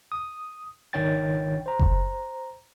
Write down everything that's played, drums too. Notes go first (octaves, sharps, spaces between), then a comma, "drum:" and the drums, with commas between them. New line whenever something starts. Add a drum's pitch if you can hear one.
D#6
G#1 D#3 D4 C#5 G5 A6
C5 A#5
drum: kick F#1